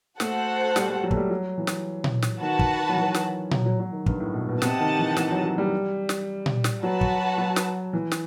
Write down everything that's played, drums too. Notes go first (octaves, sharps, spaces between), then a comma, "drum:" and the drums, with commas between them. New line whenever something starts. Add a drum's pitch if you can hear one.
A3 F#4 A4 C5 F#5 A5, drum: snare
G3, drum: snare
G3
F#3
A3, drum: kick
G3
F#3
E3
drum: snare
drum: tom A#2
drum: snare
D#3 F#4 B4 F#5 A5
drum: kick
F#3
E3
drum: snare
F#3, drum: tom A#2
F#3
F#3
D#3
G2, drum: kick
A2
B2
B2
C3 G4 D#5 F#5 A5, drum: snare
D#3
E3
E3, drum: snare
F#3
F#3
G3
drum: snare
drum: tom A#2
drum: snare
F#3 F#4 B4 F#5 A5
drum: kick
F#3
drum: snare
E3
drum: snare